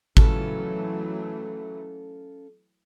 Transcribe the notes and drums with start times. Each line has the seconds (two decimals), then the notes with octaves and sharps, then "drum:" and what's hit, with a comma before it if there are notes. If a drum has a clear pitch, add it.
0.17 E3 F#3 A3 C#4 F4 A4, drum: kick G#1